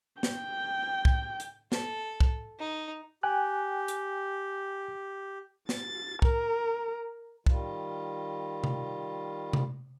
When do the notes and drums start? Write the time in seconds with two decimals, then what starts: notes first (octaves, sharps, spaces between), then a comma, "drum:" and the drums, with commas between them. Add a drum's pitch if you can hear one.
0.23 G5, drum: snare
1.05 drum: kick
1.40 drum: hi-hat
1.72 A4, drum: snare
2.20 drum: kick
2.59 D#4
3.23 G4 G5 G#5 F#6
3.88 drum: hi-hat
5.69 A6, drum: snare
6.22 A#4, drum: kick
7.46 D#3 G3 F4, drum: kick
8.64 drum: tom C3
9.53 drum: tom C3